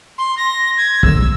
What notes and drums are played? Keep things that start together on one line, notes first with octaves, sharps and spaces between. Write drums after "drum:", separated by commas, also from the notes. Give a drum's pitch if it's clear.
C6
A#6
G#6
E6, drum: kick